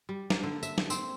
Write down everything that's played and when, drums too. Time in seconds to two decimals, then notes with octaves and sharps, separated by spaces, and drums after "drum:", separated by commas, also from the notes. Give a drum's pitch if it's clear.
0.09 G3
0.30 A#3, drum: snare
0.43 D3
0.63 E5, drum: tambourine
0.78 drum: snare
0.90 C4, drum: tambourine